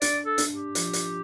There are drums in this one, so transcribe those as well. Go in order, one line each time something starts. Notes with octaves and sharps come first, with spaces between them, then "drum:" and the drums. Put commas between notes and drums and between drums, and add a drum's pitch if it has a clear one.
D4 D5, drum: hi-hat
A4
D4, drum: hi-hat
G4
F3, drum: hi-hat
drum: hi-hat